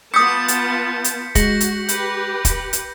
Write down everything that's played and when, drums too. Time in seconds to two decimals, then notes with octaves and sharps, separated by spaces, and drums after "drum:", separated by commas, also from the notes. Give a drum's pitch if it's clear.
0.14 B3 F4 A5 D6 D#6 G6 B6 C#7
0.48 drum: hi-hat
1.04 drum: hi-hat
1.35 G#3 F#4 A#6 C#7 F#7, drum: kick, hi-hat
1.60 drum: hi-hat
1.89 G4 B4 G6, drum: hi-hat
2.45 drum: kick, hi-hat
2.73 drum: hi-hat